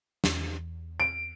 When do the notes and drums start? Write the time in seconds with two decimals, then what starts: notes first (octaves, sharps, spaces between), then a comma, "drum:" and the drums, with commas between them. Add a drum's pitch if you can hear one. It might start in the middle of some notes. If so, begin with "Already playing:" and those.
0.24 E2, drum: snare
1.00 D7